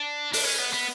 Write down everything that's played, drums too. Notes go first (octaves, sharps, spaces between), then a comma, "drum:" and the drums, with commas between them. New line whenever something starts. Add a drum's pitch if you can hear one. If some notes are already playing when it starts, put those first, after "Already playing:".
Already playing: D4
D4, drum: open hi-hat
C#4
B3
B3